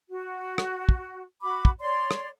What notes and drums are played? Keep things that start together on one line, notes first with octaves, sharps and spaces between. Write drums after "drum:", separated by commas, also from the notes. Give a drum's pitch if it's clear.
F#4
drum: rim click
drum: kick
F#4 B5 D6
drum: kick
C#5 D5 C6
drum: rim click